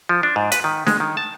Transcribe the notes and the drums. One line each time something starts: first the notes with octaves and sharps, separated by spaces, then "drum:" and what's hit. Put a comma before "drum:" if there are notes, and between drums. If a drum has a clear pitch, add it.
F3
D4
G#2
B4, drum: hi-hat
D#3
G#3, drum: snare D4
D#3
A5